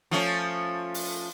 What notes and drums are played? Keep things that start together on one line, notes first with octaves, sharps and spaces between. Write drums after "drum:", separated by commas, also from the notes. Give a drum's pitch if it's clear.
F3 A3 C#4
drum: open hi-hat